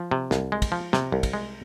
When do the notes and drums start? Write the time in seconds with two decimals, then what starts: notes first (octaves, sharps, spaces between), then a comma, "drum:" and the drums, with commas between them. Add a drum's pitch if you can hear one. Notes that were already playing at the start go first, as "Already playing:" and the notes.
Already playing: F3
0.11 C3
0.31 C2, drum: snare
0.52 G#3
0.62 drum: kick, cymbal
0.72 F3
0.93 C3, drum: snare
1.12 C2
1.23 drum: kick, cymbal
1.33 G#3